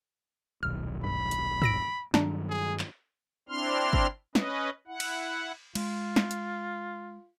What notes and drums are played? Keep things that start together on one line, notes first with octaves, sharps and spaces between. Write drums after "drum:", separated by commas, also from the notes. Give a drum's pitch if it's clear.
D#1 B1 D#3 F6
G2 B5
drum: hi-hat
E6 A#6 D7, drum: tom
G2 D#3 F#3 D4 A#5, drum: snare
G#4
drum: clap
C4 D4 E4 C6 F6
drum: kick G1
C#4 B4 D#5, drum: snare
E4 F#5
drum: cymbal
G#3 F4, drum: cymbal
drum: snare
drum: hi-hat